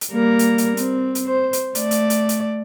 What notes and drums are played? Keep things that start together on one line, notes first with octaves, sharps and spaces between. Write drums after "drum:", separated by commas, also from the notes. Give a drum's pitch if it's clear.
drum: hi-hat
G3 A#3 A#4
drum: hi-hat
drum: hi-hat
C4, drum: hi-hat
drum: hi-hat
C5
drum: hi-hat
A3 D5, drum: hi-hat
drum: hi-hat
drum: hi-hat
drum: hi-hat